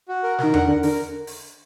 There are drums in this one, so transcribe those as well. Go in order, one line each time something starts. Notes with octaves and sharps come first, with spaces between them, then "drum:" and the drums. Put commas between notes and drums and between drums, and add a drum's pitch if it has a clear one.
F#4
A#4
D#3 A#4, drum: snare
D3 F#5, drum: tom E2
D3 A#4
D3 A#4, drum: open hi-hat
drum: open hi-hat